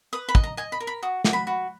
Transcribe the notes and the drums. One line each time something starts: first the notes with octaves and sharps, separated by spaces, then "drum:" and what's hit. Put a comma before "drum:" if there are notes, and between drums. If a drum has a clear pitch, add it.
B4 D#6
B5
D#5, drum: kick
A#5
D#5 G#5
B5
A#4
B5
F#4 D#6
F#4, drum: snare
B5
F#4